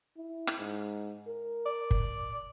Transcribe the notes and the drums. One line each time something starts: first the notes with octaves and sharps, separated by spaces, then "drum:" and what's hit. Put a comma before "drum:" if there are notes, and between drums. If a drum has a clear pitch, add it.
E4
drum: rim click
G#2
A#4
D5
drum: kick G1